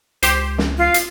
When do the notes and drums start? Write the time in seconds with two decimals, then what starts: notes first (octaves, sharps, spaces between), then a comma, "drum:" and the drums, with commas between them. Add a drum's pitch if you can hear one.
0.23 C#2 G4 C5, drum: hi-hat
0.58 drum: snare
0.78 F4
0.94 drum: hi-hat